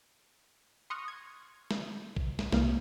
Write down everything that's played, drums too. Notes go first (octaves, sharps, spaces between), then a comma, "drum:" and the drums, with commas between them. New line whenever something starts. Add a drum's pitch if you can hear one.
C6 C#6 D#6 F6 F#6 A#6
G#6
drum: snare
drum: kick A#1
drum: snare
C2 E3 A#3 F6, drum: snare